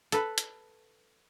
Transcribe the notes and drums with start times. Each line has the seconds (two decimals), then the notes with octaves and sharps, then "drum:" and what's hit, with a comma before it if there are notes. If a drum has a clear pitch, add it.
0.12 A4 B4, drum: hi-hat
0.38 drum: hi-hat